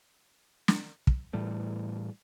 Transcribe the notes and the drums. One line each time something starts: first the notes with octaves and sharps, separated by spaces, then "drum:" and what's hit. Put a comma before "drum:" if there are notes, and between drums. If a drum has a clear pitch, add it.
drum: snare
drum: kick
A2 E3 G3 A3